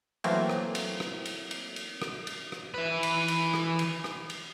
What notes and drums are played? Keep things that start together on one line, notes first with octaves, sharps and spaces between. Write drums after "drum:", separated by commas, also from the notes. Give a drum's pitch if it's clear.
E3 F#3 A3 A#3 C4, drum: cymbal
drum: rim click
drum: cymbal
drum: rim click
drum: cymbal
drum: cymbal
drum: cymbal
drum: rim click
drum: cymbal
drum: rim click
E3 B4
drum: cymbal
drum: cymbal
drum: rim click
drum: cymbal
drum: rim click
drum: cymbal